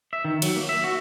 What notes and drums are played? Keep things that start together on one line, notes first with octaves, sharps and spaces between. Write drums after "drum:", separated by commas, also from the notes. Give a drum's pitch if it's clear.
E5
D#3
F#3, drum: cymbal
A#3
E5
F#4